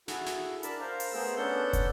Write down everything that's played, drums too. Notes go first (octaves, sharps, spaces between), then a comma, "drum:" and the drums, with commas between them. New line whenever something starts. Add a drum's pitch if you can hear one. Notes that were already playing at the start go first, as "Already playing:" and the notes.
E4 F#4 G#4 A4, drum: snare
drum: snare
D4 A#4 A5 B5, drum: hi-hat
A#4 C5 F5
drum: open hi-hat
A3 B3 G#4 A#4 C5 E6
B3 C#4 D4 A4 F#5 G6
drum: kick, hi-hat